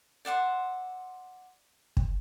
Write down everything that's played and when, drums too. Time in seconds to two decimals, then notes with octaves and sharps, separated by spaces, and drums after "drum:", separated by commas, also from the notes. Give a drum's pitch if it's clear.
0.25 D5 E5 F#5 C6
1.97 drum: kick